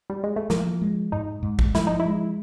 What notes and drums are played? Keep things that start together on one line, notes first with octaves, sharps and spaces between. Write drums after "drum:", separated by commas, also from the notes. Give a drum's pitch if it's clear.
G3
G#3
A3
F3 A#3, drum: snare
G#3
G#2 D#4
G#2
drum: kick
F3 E4, drum: snare
D#4
E4
G#3